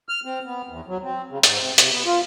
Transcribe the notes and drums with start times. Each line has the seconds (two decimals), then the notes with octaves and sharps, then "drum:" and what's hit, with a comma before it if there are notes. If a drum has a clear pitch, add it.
0.09 F6
0.25 C4
0.46 B3
0.69 E2
0.88 F#3
1.03 C4
1.31 C#3
1.43 G#2, drum: hi-hat
1.60 C3
1.78 C3, drum: hi-hat
1.91 B3
2.06 F4